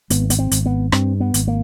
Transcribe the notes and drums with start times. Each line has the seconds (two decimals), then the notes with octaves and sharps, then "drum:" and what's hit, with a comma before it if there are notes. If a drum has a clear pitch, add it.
0.10 G#1 B3, drum: hi-hat
0.30 B3, drum: hi-hat
0.39 C4
0.51 G#1, drum: hi-hat
0.66 B3
0.92 G2 C4, drum: rim click
1.20 B3
1.34 G#1, drum: hi-hat
1.48 A#3